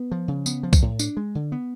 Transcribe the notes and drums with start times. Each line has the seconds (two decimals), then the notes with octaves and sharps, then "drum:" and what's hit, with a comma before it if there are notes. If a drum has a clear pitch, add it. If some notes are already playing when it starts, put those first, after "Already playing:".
Already playing: B3
0.12 F3
0.28 C#3
0.46 B3, drum: tambourine
0.63 F3
0.73 drum: kick C2, tambourine
0.82 A2
0.99 D4, drum: tambourine
1.17 G#3
1.35 D3
1.52 B3